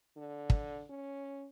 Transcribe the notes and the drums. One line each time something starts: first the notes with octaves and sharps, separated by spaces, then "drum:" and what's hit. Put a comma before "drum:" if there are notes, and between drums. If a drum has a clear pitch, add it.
D3
drum: kick
C#4